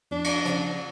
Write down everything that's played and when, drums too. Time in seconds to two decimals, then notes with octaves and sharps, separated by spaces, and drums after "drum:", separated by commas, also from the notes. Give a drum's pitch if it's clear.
0.11 F2 D4
0.24 drum: cymbal
0.45 C#3 F3, drum: hi-hat